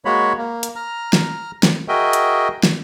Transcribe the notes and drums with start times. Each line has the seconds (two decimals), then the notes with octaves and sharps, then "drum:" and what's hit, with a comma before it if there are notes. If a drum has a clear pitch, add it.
0.05 G#3 A#3 F#4 C#5 B5
0.38 A#3
0.63 drum: hi-hat
0.76 A#5 F6
1.13 drum: snare
1.63 drum: snare
1.88 F#4 G#4 A#4 D#5 E5 G5
2.13 drum: hi-hat
2.63 drum: snare